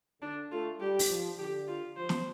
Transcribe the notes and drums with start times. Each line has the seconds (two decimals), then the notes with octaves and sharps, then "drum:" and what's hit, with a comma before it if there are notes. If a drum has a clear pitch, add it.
0.22 D3 D4
0.51 A3 F4
0.80 G3 G4
0.99 drum: open hi-hat
1.09 F3
1.39 D3 G4
1.68 F4
1.97 F3 C5
2.09 drum: snare